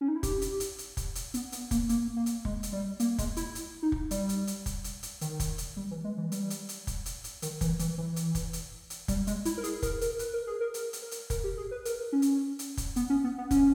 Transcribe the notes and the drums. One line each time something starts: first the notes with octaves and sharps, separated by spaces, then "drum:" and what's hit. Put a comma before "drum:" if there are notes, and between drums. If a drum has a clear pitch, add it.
C#4
D#4
E4
G4, drum: kick, hi-hat
drum: hi-hat
drum: hi-hat
drum: hi-hat
drum: kick, hi-hat
drum: hi-hat
B3, drum: hi-hat
B3, drum: hi-hat
A#3, drum: kick, hi-hat
A#3, drum: hi-hat
A#3
drum: hi-hat
G#3, drum: kick
drum: hi-hat
G3
A#3, drum: hi-hat
G#3, drum: kick, hi-hat
E4, drum: hi-hat
drum: hi-hat
D#4
drum: kick
G3, drum: hi-hat
drum: hi-hat
drum: hi-hat
drum: kick, hi-hat
drum: hi-hat
drum: hi-hat
D#3, drum: hi-hat
drum: kick, hi-hat
drum: hi-hat
G3
E3
G#3
E3
G3, drum: hi-hat
drum: hi-hat
drum: hi-hat
drum: kick, hi-hat
drum: hi-hat
drum: hi-hat
D#3, drum: hi-hat
E3, drum: kick, hi-hat
E3, drum: hi-hat
E3
drum: hi-hat
drum: kick, hi-hat
drum: hi-hat
drum: hi-hat
G3, drum: kick, hi-hat
G#3, drum: hi-hat
E4, drum: hi-hat
A#4
G#4, drum: hi-hat
A#4, drum: kick, hi-hat
A#4, drum: hi-hat
B4, drum: hi-hat
A#4
G#4
A#4
A#4, drum: hi-hat
drum: hi-hat
A#4
drum: hi-hat
A#4, drum: kick, hi-hat
G4
G#4
B4
A#4, drum: hi-hat
C#4
drum: hi-hat
drum: hi-hat
drum: kick, hi-hat
B3, drum: hi-hat
C#4
B3
B3
C#4, drum: kick, hi-hat